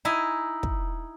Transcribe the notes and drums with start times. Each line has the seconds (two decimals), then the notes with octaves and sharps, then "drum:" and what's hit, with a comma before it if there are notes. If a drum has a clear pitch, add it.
0.05 D#4 E4 G#5
0.63 drum: kick